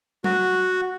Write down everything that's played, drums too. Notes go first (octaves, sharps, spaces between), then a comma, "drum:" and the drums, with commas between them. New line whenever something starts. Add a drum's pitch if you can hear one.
F#4, drum: tom F#3